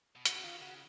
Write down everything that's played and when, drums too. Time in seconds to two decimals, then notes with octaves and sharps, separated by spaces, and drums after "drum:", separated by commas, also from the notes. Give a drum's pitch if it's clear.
0.16 B2
0.25 C#3 F#4, drum: hi-hat
0.36 F#4
0.43 D#3 F4
0.61 C#3 F#4